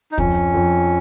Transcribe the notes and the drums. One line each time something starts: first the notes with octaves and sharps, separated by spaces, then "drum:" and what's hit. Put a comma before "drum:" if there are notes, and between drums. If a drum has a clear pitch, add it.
D#4
F2 C#4, drum: kick
F2